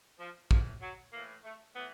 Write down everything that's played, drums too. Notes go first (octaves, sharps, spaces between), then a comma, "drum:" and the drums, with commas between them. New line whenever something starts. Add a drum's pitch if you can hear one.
F3
A2 E3 F3, drum: kick
F#3
A2 E3 A#3
A3
A2 E3 B3